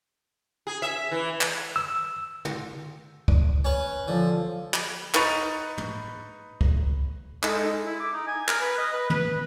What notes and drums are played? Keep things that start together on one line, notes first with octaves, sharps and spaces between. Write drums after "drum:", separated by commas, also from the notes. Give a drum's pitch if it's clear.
G#4
E5
E3
drum: clap
E6
drum: tom
drum: kick
C#4 B4
D3 F3
drum: clap
D#4 B4 C#6 A6 D#7 F7, drum: clap
drum: tom
drum: kick
G#3 D#4 A4, drum: clap
E4
D6
D#4
G#5
A#4, drum: clap
B4
D#5
B4
B4, drum: tom